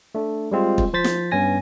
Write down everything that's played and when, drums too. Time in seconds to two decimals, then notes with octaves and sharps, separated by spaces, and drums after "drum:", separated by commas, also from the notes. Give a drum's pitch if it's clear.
0.15 A3 D4
0.51 G3 G#3 C4 F4
0.78 drum: kick
0.93 F3 C5 A6 B6
1.04 drum: snare
1.31 G2 B3 C#4 G#5 A#6